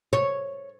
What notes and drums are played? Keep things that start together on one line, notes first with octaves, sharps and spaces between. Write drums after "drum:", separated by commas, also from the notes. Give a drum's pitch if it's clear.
C#5, drum: tom